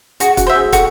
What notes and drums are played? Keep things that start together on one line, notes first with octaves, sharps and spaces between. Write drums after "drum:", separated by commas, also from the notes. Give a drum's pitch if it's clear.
F#4 G#4, drum: hi-hat
F#4, drum: kick, hi-hat
C5 E5
G#4
F#4 A4, drum: kick, hi-hat